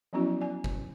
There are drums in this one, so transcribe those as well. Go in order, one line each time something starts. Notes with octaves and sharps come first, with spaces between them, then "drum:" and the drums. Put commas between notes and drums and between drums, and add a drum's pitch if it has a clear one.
F3 F#3 B3 C#4 E4 F#4
D5 G#5
drum: kick